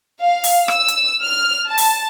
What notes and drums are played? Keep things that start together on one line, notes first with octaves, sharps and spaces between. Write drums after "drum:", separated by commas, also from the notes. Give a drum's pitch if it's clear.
F5
drum: open hi-hat
E6, drum: rim click
drum: hi-hat
F6
A5
drum: open hi-hat